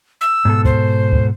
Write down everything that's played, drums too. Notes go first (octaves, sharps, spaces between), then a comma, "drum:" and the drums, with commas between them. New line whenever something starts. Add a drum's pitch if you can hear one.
E6
G#2 B2 A4
C5, drum: kick C#2
drum: kick C#2